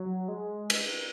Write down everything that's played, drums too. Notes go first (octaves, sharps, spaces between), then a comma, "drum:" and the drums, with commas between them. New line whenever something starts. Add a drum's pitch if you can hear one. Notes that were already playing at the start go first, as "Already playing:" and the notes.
Already playing: F#3
G#3
drum: cymbal